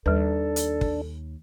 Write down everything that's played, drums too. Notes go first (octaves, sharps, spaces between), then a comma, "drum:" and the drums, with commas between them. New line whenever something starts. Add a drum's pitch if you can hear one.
D#2 G3 D4 A4 B4
drum: hi-hat
drum: kick